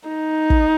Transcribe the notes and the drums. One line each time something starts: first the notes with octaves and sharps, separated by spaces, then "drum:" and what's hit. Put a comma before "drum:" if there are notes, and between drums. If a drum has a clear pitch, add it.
D#4
drum: kick